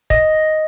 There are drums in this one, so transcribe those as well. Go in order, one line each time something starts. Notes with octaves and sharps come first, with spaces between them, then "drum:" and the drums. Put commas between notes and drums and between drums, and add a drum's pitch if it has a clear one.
D#5, drum: kick D#1